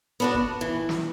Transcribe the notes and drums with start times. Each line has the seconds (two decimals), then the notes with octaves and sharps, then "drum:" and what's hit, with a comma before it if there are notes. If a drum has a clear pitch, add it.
0.20 B3 D4 F#4
0.34 drum: kick
0.61 E3
0.89 drum: snare